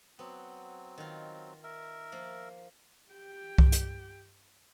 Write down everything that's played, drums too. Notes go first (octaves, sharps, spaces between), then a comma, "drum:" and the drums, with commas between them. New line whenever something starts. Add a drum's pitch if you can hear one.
F#3 B3 C4
D#3 F4
A#4 E5
F3 A#3
G4 G5
drum: kick C2
drum: hi-hat